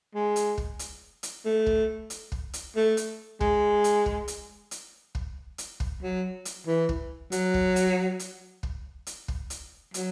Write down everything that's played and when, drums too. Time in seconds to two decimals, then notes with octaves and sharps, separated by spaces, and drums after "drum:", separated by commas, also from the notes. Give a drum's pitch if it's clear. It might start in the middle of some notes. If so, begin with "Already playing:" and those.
0.15 G#3
0.36 drum: hi-hat
0.58 drum: kick
0.79 drum: hi-hat
1.23 drum: hi-hat
1.45 A3
1.66 drum: kick
2.10 drum: hi-hat
2.32 drum: kick
2.53 drum: hi-hat
2.76 A3
2.97 drum: hi-hat
3.41 G#3, drum: kick
3.84 drum: hi-hat
4.06 drum: kick
4.28 drum: hi-hat
4.71 drum: hi-hat
5.15 drum: kick
5.58 drum: hi-hat
5.80 drum: kick
6.02 F#3
6.45 drum: hi-hat
6.67 E3
6.89 drum: kick
7.32 F#3, drum: hi-hat
7.54 drum: kick
7.76 drum: hi-hat
8.19 drum: hi-hat
8.63 drum: kick
9.07 drum: hi-hat
9.28 drum: kick
9.50 drum: hi-hat
9.94 F#3, drum: hi-hat